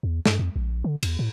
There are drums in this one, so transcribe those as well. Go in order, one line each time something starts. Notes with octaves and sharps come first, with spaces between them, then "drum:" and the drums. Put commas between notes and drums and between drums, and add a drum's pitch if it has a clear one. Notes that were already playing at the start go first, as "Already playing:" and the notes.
E2
G2, drum: snare
F2
A#1
D3
E2, drum: cymbal
A2